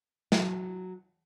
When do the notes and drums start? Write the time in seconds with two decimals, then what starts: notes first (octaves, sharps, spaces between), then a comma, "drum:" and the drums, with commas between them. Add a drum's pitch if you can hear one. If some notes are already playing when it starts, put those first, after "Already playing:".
0.32 F#3, drum: snare